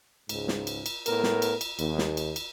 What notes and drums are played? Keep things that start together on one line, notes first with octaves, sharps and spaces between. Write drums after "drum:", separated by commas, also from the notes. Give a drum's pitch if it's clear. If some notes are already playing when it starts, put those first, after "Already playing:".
C#2 G#2, drum: cymbal
drum: snare
drum: cymbal
drum: cymbal
A2 B3 A#4, drum: cymbal
drum: snare
drum: cymbal
drum: cymbal
D#2, drum: cymbal
drum: snare
drum: cymbal
drum: cymbal